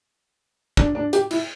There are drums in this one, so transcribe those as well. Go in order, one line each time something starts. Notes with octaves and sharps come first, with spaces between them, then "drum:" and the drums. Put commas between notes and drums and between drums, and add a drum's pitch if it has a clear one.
D4, drum: kick
D4
G4, drum: hi-hat
E4, drum: cymbal